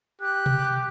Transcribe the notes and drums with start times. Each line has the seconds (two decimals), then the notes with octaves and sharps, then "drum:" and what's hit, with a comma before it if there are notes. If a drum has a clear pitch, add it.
0.21 G4 F#6
0.46 drum: tom B2